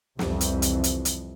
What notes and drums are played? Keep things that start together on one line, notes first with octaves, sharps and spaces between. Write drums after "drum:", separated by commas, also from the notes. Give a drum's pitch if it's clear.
C2 F2 E3, drum: snare
drum: hi-hat
drum: hi-hat
drum: hi-hat
drum: hi-hat